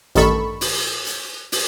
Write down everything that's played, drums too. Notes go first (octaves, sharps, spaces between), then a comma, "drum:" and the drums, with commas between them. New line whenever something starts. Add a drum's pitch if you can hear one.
A1 G2 D#3 A4 B5 C#6, drum: hi-hat
drum: open hi-hat
drum: hi-hat
drum: open hi-hat